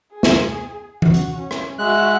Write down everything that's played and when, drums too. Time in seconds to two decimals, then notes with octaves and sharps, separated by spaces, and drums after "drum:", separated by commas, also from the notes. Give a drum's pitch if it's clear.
0.13 G#4
0.23 drum: snare
1.02 F#4, drum: tom E3
1.14 drum: hi-hat
1.39 C#4
1.51 drum: rim click
1.79 G#3 F#4 E5 F#6